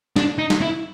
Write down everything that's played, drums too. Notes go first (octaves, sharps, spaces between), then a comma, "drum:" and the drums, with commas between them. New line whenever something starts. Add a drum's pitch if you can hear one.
D4, drum: snare
D#4
drum: snare
E4